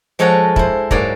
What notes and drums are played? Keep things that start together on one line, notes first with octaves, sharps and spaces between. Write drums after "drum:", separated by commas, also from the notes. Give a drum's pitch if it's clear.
F3 G#3 A4 C#5 F#5 A#5
E4 C5, drum: kick
G#2 F#3 A#3 C#5 D5 A#5, drum: kick